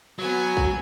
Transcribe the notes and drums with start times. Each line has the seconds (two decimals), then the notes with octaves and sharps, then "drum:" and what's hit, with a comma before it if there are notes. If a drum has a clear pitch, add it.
0.19 F#3 B3 G#5
0.57 drum: kick A#1